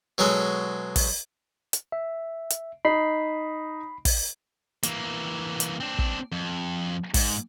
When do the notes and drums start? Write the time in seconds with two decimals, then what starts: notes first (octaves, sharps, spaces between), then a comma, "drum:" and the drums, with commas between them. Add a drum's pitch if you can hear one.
0.18 B2 F#3 G#3 A4
0.96 drum: kick, open hi-hat
1.73 drum: hi-hat
1.92 E5
2.50 drum: hi-hat
2.85 D#4 B5 C7
4.05 drum: kick, open hi-hat
4.83 E3 A#3, drum: hi-hat
5.60 drum: hi-hat
5.80 C4 D4
5.99 drum: kick
6.32 F2
7.14 G#2, drum: kick, open hi-hat